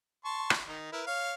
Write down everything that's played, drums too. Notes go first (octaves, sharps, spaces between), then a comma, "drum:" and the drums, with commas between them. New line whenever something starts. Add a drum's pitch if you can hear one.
A5 C6 C#6
drum: rim click
D#3 D#4
E4 A#4 B4
C#5 F5